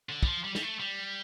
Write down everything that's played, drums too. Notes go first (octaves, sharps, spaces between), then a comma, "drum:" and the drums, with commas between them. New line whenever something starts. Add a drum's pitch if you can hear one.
D3
G3, drum: kick
F3
G3
G3, drum: snare
A3
G3